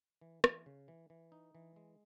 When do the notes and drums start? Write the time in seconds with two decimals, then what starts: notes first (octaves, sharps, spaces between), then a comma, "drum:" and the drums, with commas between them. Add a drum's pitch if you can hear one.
0.21 E3
0.44 E3, drum: rim click
0.66 C#3
0.88 E3
1.10 E3
1.32 D#4
1.55 E3
1.76 G#3